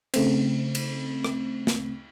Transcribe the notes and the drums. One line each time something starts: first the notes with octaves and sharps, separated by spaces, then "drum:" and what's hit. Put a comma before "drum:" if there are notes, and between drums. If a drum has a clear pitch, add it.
C#3 A3 C4, drum: cymbal
drum: cymbal
drum: rim click
drum: snare